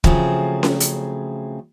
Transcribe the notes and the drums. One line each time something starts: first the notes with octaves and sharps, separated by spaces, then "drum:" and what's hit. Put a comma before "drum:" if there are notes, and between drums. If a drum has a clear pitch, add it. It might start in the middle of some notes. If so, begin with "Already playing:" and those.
C#3 F3 F#3 A3 C4 G#4, drum: kick
drum: snare C#4
drum: hi-hat